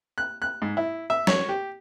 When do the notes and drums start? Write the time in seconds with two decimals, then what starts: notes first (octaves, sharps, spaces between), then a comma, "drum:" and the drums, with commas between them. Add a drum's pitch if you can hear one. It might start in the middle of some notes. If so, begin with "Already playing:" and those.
0.18 F#6
0.42 F#6
0.62 G#2
0.77 E4
1.10 E5
1.27 C#5, drum: snare
1.49 G4